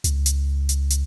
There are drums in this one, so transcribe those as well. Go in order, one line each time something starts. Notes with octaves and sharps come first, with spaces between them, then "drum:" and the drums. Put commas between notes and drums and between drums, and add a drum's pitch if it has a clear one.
C#2, drum: hi-hat
drum: hi-hat
drum: hi-hat
drum: hi-hat